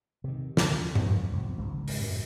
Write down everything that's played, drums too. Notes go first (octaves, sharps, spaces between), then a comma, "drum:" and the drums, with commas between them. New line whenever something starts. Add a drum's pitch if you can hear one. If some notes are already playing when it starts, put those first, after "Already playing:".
C3 D#3
D2, drum: snare
drum: tom G2
F2 G#2 D3 F3
B1 C3 F3
G#1 C#2 G#2
drum: open hi-hat
F#2 A2